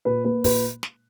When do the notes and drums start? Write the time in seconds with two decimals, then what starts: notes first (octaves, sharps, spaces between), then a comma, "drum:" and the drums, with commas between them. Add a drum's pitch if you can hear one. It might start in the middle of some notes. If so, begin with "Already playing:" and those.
0.05 A#2 B4
0.25 A#3 B4
0.44 A#2 B4, drum: kick, open hi-hat
0.83 drum: snare